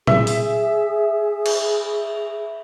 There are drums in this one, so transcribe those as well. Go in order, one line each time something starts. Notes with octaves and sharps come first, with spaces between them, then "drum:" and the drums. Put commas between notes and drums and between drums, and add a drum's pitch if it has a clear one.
G#4 E5, drum: tom
drum: open hi-hat
drum: cymbal